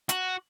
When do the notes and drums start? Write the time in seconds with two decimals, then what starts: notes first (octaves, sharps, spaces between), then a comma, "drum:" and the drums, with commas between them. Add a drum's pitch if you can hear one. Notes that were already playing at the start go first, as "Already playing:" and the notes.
0.09 F#4, drum: hi-hat